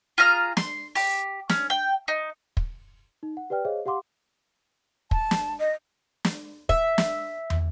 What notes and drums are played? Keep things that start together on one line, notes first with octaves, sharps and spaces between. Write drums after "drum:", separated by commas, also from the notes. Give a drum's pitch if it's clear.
F4 G#4 A#5 F6
C6, drum: snare
G4, drum: open hi-hat
C#4, drum: snare
G5
D#4
drum: kick
D#4
F#5
G4 B4 D5 G5 F6
G#4 C5 C#5 D#5 F5
G4 F5 F#5 C6 D6
A5, drum: kick
drum: snare
D#5
drum: snare
E5, drum: kick
drum: snare
drum: tom